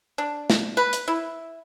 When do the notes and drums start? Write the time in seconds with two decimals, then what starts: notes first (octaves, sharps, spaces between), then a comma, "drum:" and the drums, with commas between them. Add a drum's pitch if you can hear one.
0.18 D4
0.50 drum: snare
0.77 B4
0.93 drum: hi-hat
1.08 E4